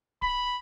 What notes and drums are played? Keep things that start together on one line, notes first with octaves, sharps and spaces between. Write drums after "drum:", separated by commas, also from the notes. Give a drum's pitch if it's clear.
B5, drum: kick D1